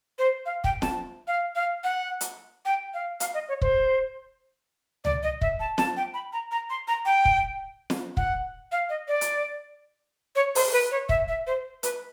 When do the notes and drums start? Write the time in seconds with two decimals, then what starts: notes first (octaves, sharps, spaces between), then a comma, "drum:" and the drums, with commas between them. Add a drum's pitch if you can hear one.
0.19 C5
0.46 F5
0.64 G5, drum: kick
0.82 A5, drum: snare
1.28 F5
1.55 F5
1.84 F#5
2.21 drum: hi-hat
2.65 G5
2.94 F5
3.20 F5, drum: hi-hat
3.34 D#5
3.49 C#5
3.61 C5, drum: kick
5.05 D5, drum: tom C#2
5.23 D#5
5.41 E5, drum: kick
5.60 A5
5.78 A5, drum: snare
5.97 G5
6.14 B5
6.33 A#5
6.51 A#5
6.70 C6
6.88 A#5
7.05 G5
7.25 drum: kick
7.90 drum: snare
8.17 F#5, drum: kick
8.72 F5
8.90 D#5
9.08 D5
9.21 drum: hi-hat
10.36 C#5
10.55 C5, drum: open hi-hat
10.72 B4
10.91 C#5
11.09 E5, drum: kick
11.28 E5
11.47 C5
11.83 B4, drum: hi-hat